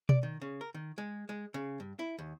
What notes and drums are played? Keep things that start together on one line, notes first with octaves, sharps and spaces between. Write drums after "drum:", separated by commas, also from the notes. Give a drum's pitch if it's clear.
D5, drum: tom B2
D#3
C#3
A#4
D#3
G#3
G#3
C#3
G2
E4
D#2